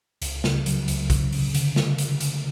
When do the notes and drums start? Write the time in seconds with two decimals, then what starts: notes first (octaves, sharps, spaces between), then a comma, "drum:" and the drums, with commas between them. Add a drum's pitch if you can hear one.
0.22 C#2, drum: hi-hat
0.44 C#3, drum: snare
0.66 F#3, drum: hi-hat
0.88 C#2, drum: hi-hat
1.10 C#3, drum: kick, hi-hat
1.32 C#3, drum: open hi-hat
1.54 D3, drum: hi-hat
1.76 drum: snare
1.98 drum: hi-hat
2.20 drum: hi-hat